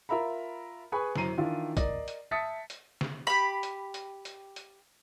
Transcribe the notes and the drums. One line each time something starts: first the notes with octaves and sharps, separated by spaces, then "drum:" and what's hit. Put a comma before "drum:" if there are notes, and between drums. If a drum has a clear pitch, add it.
F4 A#4 E5 A#5 B5
G#4 B4 G#5 B5 C#6
F#2 E4 C5 A#5 C7 D#7, drum: snare
D#3 E3 D4 E4 F4
A#4 D5 D#5, drum: kick, hi-hat
drum: hi-hat
E5 A5 D#6 A6 B6 C#7
drum: hi-hat
drum: snare
G4 B5
drum: hi-hat
drum: hi-hat
drum: hi-hat
drum: hi-hat